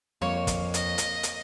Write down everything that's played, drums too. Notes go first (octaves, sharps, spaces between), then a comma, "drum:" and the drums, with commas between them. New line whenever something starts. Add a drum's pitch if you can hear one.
F2 A#3 C#5
drum: kick, hi-hat
D#5, drum: hi-hat
drum: hi-hat
drum: hi-hat